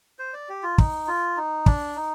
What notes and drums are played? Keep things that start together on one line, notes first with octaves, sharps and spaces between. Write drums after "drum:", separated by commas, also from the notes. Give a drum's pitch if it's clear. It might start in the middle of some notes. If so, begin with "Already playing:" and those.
C5
D5
G4
F4
D#4, drum: kick
F4
D#4
D4, drum: kick
D#4